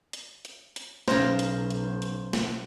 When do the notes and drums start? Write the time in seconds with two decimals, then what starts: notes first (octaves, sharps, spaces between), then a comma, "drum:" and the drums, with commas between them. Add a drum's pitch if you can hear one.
0.13 drum: hi-hat
0.45 drum: hi-hat
0.76 drum: hi-hat
1.08 B1 C#3 A#4 C5 C6, drum: snare
1.39 drum: hi-hat
1.70 drum: hi-hat
2.02 drum: hi-hat
2.33 drum: snare